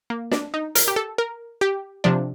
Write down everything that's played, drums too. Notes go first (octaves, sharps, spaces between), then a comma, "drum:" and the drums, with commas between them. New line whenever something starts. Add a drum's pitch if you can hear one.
A#3
D4, drum: snare
D#4
A#4, drum: hi-hat
G4
A4
A#4
G4
C3 F3 D4